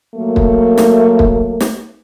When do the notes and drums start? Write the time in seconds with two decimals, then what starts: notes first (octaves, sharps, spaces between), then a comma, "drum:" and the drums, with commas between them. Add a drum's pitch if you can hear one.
0.15 F#3 A3 A#3
0.36 drum: kick
0.78 drum: snare
1.19 drum: kick
1.60 drum: snare